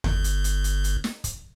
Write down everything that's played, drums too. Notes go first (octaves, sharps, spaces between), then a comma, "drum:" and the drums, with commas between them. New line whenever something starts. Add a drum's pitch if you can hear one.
G1, drum: tom E2
drum: hi-hat
drum: hi-hat
drum: hi-hat
drum: hi-hat
drum: snare
drum: kick, hi-hat